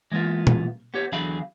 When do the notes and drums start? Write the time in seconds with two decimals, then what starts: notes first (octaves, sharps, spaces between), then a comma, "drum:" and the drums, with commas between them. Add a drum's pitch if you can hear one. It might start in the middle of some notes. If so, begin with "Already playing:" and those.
0.12 E3 G#3 A#3 B3 F4
0.47 drum: tom A#2
0.94 B3 G4 C#5
1.12 E2 D3 F#3 G#4 F5 B5